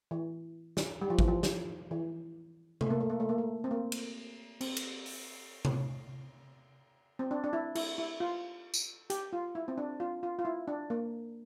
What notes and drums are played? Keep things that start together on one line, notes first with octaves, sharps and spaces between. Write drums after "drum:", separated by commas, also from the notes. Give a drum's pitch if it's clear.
E3
drum: snare
G3
F3
E3, drum: kick G#1
F3
drum: snare
E3
A3, drum: tom C3
A#3
A3
A#3
A3
A#3
A3
C4
A#3
drum: cymbal
C4, drum: cymbal
drum: cymbal
drum: open hi-hat
drum: tom C3
C4
D4
D4
E4
E4, drum: cymbal
E4
F4
drum: tambourine
G4, drum: hi-hat
F4
E4
C4
D4
F4
F4
F4
E4
D4
A#3